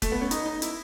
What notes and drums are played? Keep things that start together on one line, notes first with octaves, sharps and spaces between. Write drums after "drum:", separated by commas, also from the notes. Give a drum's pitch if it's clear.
A3, drum: kick F1, hi-hat
B3
C#4
D#4, drum: hi-hat
D#4
E4, drum: hi-hat